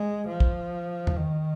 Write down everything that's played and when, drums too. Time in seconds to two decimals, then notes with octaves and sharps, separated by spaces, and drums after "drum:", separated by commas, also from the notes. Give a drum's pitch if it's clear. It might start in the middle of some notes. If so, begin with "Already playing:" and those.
Already playing: G#3
0.28 F3
0.40 drum: kick
1.07 drum: tom E2
1.17 D#3